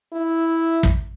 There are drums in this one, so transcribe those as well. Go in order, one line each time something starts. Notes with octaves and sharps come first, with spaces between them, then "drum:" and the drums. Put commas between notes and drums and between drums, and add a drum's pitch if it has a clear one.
E4
drum: kick